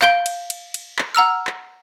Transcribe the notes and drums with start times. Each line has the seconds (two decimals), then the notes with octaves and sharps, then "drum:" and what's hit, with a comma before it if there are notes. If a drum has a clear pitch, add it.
0.02 F5 G6 D7 G7, drum: clap
0.26 drum: cymbal
0.50 drum: cymbal
0.74 drum: cymbal
0.99 drum: clap
1.15 F#5 A#5 E6 F6
1.47 drum: clap